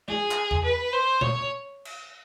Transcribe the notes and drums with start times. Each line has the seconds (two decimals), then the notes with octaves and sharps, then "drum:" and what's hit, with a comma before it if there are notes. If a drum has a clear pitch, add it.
0.08 G#4, drum: tom G#3
0.31 drum: clap
0.51 drum: tom E2
0.65 B4
0.93 C5
1.21 C#5, drum: tom
1.85 drum: cymbal